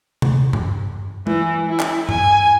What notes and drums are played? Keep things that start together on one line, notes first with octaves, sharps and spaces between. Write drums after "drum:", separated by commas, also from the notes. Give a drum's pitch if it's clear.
drum: tom C3
drum: tom G2
E3, drum: tom G#3
E4
drum: clap
G#5, drum: tom G2